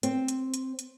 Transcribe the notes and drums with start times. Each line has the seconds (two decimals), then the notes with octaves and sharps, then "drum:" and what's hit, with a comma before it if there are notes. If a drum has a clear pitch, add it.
0.03 C4, drum: hi-hat
0.28 drum: hi-hat
0.54 drum: hi-hat
0.79 drum: hi-hat